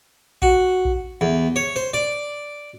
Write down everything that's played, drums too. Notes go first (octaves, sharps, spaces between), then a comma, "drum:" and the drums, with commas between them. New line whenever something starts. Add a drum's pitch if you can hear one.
F#4, drum: kick A#1
drum: kick A#1
E2
C#5
C5
D5